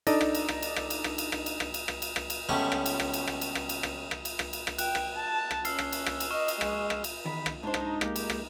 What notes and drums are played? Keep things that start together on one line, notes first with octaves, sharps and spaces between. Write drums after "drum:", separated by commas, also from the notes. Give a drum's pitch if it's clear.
D4 D#4 A4 D5 D#5, drum: cymbal
drum: rim click
drum: cymbal
drum: rim click
drum: cymbal
drum: rim click
drum: cymbal
drum: rim click
drum: cymbal
drum: rim click
drum: cymbal
drum: rim click
drum: cymbal
drum: rim click
drum: cymbal
drum: rim click
drum: cymbal
C#2 G3 A3 B3 C#4 C#6
drum: rim click
drum: cymbal
drum: rim click
drum: cymbal
drum: rim click
drum: cymbal
drum: rim click
drum: cymbal
drum: rim click
drum: rim click
drum: cymbal
drum: rim click
drum: cymbal
drum: rim click
G5 F#6, drum: cymbal
drum: rim click
A5
drum: rim click
C#4 E6 F6 C7, drum: cymbal
drum: rim click
drum: cymbal
drum: rim click
drum: cymbal
D#5 C#6 F6 E7
drum: cymbal
G#3, drum: rim click
drum: rim click
drum: cymbal
E2 D#3 B5
drum: rim click
G#2 D4 D#4 C5
drum: rim click
G#3 A#3 G4, drum: rim click
drum: cymbal
drum: rim click